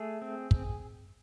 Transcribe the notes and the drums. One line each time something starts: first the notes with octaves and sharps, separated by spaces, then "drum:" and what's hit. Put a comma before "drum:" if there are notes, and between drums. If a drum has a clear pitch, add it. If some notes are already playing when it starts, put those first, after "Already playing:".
Already playing: A3 G#4
C4
drum: kick